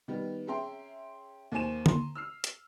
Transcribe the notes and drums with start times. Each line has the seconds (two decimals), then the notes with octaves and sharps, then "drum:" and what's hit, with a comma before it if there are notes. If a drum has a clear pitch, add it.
0.08 D#3 G3 B3
0.47 C#4 G#4 E5 G5 A#5 C6
1.52 D#2 A#3 C5 G#5 D#7 E7
1.86 A#5 C6, drum: tom D3
2.15 E6 F6 C7
2.44 drum: hi-hat